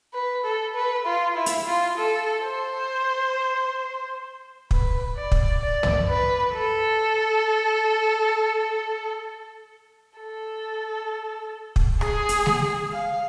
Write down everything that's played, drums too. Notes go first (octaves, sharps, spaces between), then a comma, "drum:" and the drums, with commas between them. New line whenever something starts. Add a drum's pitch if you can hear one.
B4
A4
B4
F4
E4
drum: hi-hat
F4
A4
C5
B4, drum: kick
D5
drum: kick
D5
drum: tom
B4
A4
A4
drum: kick
G#4, drum: rim click
drum: hi-hat
drum: snare G#3
F5